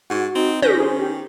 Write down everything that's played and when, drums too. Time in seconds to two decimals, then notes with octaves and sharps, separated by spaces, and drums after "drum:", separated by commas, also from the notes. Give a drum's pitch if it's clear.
0.10 G#2 F#4
0.35 C4 D#4
0.62 D#3 C#4 G6 A#6 B6, drum: tom
0.80 G#4 C5
0.99 G4